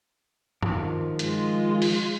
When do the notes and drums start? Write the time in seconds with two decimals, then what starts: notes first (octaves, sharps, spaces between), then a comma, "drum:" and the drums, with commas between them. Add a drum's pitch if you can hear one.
0.63 D#3 F3, drum: tom G2
1.19 G#3 F4, drum: hi-hat
1.82 drum: open hi-hat